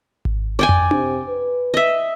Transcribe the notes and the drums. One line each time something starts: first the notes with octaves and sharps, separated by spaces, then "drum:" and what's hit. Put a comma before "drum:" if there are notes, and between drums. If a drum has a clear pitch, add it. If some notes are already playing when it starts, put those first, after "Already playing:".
drum: kick G#1
D5 G5 G#5
drum: tom
C3, drum: tom D4
B4
D#5 E5